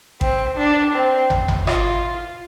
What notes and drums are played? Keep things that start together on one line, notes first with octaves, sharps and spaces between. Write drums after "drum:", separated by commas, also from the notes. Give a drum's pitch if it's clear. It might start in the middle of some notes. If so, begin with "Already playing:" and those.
C4, drum: kick A1
D4
C4
drum: tom
drum: tom
F4, drum: rim click